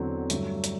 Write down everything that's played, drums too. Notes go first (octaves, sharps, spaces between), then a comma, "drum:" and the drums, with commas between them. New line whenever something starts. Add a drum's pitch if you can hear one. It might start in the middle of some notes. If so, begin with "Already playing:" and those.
Already playing: E2 D3 F#3 C4
G2 D3 F#3 A3 D4, drum: hi-hat
drum: hi-hat